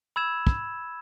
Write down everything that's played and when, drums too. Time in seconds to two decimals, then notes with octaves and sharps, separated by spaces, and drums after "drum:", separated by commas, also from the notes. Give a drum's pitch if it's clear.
0.16 B5 E6 G#6 E7
0.47 drum: kick